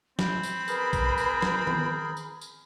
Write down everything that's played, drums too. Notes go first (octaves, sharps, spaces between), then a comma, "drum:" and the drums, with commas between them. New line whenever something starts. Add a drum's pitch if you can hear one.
C4 B5, drum: snare
drum: tambourine
G#4 A#4 B4, drum: tambourine
drum: kick A#1, tambourine
drum: tambourine
drum: snare
drum: tom D#3
drum: tambourine
drum: tambourine